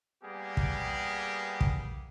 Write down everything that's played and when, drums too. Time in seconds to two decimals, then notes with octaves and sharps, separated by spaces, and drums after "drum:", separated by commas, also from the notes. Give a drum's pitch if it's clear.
0.23 G3 A#3 B3 G4 G#4
0.57 drum: kick
1.61 drum: kick